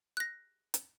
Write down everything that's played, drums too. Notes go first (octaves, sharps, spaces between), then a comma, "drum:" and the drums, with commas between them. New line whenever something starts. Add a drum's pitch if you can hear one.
F#6 A#6
drum: hi-hat